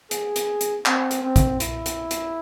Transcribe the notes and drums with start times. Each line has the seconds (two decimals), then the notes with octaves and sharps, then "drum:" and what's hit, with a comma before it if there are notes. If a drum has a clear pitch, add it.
0.11 G#4, drum: hi-hat
0.36 drum: hi-hat
0.61 drum: hi-hat
0.86 C4, drum: clap
1.11 drum: hi-hat
1.23 C4
1.36 drum: kick A1, hi-hat
1.60 E4, drum: hi-hat
1.86 drum: hi-hat
2.11 drum: hi-hat